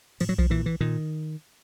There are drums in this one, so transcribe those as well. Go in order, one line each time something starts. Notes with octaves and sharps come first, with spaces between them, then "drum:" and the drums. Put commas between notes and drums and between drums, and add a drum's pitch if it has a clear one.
A2 F3, drum: cymbal
F#3
F3, drum: kick B1
A#2 E3
E3
A#2 D#3